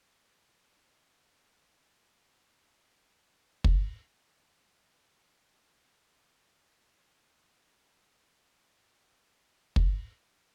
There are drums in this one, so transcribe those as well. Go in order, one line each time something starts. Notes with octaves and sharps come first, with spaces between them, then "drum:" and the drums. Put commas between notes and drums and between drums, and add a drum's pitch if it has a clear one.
B2 G3 B3 G4 A#4
D3 F#5 A5
A#2
B5
A3 C4 A4 C#5 E5
D#3
drum: kick
G3 C4 C#4 F4
F5
F#5
A#4
A#5
G4
A5
G4
F#2
B3
drum: kick